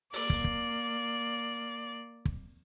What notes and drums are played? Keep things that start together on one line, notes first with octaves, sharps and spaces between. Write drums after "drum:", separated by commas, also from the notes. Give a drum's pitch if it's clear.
A#3 D5, drum: open hi-hat
drum: kick
drum: kick
drum: kick